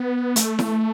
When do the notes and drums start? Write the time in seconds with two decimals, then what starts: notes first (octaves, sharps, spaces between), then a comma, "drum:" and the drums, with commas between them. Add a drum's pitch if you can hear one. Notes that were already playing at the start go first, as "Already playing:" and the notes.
Already playing: B3
0.36 A3, drum: hi-hat
0.59 drum: snare E4